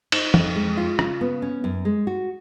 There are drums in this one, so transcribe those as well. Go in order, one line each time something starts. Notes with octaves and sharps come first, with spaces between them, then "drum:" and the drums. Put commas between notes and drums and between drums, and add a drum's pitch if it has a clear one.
D#4, drum: cymbal
F2, drum: tom
G#3
F4
C#3, drum: rim click
B3
C#4
F#2
G#3
F#4